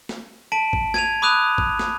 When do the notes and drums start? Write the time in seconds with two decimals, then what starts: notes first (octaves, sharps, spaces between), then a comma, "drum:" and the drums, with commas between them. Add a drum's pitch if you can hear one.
0.09 drum: snare
0.52 A5 B6 D7 F#7
0.73 drum: kick
0.94 G#6 D#7 F7, drum: snare
1.22 B5 D6 D#6 F#6 D#7 F7
1.58 drum: kick
1.79 drum: snare